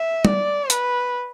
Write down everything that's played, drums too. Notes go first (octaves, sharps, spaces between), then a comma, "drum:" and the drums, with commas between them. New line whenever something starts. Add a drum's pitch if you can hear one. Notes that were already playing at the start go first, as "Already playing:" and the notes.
Already playing: E5
D5, drum: tom
B4, drum: hi-hat